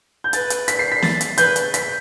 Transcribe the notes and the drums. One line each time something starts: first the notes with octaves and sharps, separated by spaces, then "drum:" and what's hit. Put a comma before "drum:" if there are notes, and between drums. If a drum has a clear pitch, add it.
G6
B4 A6, drum: hi-hat
drum: hi-hat
B6, drum: hi-hat
C7
B6
A6, drum: snare
drum: hi-hat
B4 G6, drum: hi-hat
drum: hi-hat
B6, drum: hi-hat